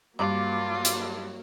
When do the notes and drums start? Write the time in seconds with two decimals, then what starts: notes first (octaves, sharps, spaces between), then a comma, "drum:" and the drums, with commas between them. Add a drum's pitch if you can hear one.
0.19 G2 F#3 A#3 F4 D6
0.85 drum: hi-hat